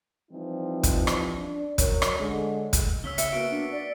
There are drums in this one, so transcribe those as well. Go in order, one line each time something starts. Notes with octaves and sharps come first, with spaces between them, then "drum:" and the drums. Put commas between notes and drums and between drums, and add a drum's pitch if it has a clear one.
E3 F3 G3 C4 D#4
drum: kick, hi-hat
drum: rim click
D4
F#2 A#4 C#5, drum: kick, hi-hat
drum: rim click
D3 G#3
drum: kick, hi-hat
C#3 C#4 E6 B6 G7
E5 C#7 G7, drum: hi-hat
A#3 B3 F#4 D7
D4
D5